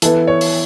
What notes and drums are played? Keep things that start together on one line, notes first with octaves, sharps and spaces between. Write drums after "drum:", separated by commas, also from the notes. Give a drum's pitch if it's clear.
E3 B3 E4 A4, drum: hi-hat
C#5
drum: open hi-hat